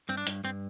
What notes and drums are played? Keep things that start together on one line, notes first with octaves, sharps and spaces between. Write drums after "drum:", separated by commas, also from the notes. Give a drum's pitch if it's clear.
G2 C4
D4
G2, drum: hi-hat
G2 C4